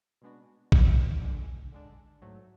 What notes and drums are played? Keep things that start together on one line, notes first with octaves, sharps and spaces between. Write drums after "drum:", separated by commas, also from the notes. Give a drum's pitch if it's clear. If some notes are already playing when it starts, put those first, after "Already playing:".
B2 G#3 B3 D4 F#4
B2 G#3 B3 D4 F#4, drum: kick
D3 G#3 D4
D3 G#3 D4
G#2 F#3 A3